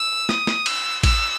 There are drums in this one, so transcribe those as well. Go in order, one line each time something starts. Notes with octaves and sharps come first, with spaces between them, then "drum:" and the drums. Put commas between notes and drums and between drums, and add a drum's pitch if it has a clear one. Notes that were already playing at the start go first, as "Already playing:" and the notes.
Already playing: E6
D#6, drum: snare
drum: snare
E6, drum: cymbal
E6, drum: kick A1, cymbal